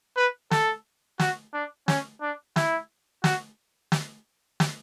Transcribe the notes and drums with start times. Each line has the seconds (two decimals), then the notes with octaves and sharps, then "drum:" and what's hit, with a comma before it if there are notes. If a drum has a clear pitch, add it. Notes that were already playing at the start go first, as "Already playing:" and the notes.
0.17 B4
0.51 A4, drum: snare
1.20 F#4, drum: snare
1.54 D4
1.88 C#4, drum: snare
2.21 D4
2.56 E4, drum: snare
3.24 F#4, drum: snare
3.92 drum: snare
4.60 drum: snare